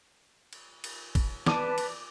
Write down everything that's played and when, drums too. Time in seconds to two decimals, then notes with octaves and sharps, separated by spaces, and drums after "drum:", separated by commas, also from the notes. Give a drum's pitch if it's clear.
0.53 drum: cymbal
0.84 drum: cymbal
1.15 drum: kick G#1, cymbal
1.46 B4 D5 A5 D6 D#7, drum: snare
1.78 drum: cymbal